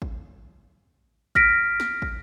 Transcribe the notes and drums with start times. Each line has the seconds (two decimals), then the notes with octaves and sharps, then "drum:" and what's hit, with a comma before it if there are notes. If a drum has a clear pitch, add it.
0.02 drum: kick
1.35 F6 A#6 B6 D7, drum: kick
1.80 drum: snare
2.02 drum: kick